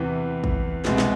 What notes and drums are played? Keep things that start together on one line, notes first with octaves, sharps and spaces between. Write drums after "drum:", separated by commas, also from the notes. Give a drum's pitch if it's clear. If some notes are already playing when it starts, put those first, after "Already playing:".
Already playing: E2 C3 E3
drum: kick
C2 B2 G#3 C4, drum: snare
drum: snare